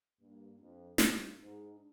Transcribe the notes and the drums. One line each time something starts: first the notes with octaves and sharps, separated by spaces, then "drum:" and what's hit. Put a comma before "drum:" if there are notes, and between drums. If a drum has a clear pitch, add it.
G2 A#3
F2 D4
G2 D#4, drum: snare
G#2 D#4
D4